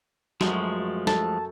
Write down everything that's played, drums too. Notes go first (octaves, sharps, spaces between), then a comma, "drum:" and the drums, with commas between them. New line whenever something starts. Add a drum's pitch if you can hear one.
F#2 F3 G#3 A3 F#4, drum: snare
A4 A5, drum: snare